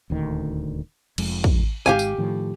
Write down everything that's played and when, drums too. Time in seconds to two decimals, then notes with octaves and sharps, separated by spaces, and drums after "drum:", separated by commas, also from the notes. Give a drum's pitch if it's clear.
0.10 D#1 D2 D#3
1.18 F1 F2 G#3, drum: cymbal
1.44 drum: kick
1.86 G#1 G#2 G4 F5 G#5
1.99 drum: tambourine
2.18 A2 D#3 F3